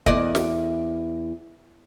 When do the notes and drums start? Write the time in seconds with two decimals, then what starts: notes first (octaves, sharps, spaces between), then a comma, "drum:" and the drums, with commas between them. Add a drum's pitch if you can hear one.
0.06 E2 D5 D#5, drum: kick
0.35 drum: snare